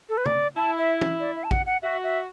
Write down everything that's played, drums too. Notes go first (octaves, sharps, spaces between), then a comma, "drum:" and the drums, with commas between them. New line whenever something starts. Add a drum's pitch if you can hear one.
A4
B4
D5, drum: tom
E4 A5
E5
drum: tom
D5
E5
A5
F#5, drum: kick
F#5
F#4 E5
E5